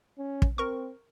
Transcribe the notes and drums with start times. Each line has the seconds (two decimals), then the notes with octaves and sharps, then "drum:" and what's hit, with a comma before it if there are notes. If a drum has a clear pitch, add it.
0.18 C#4
0.42 drum: kick
0.58 C4 A#4 C#6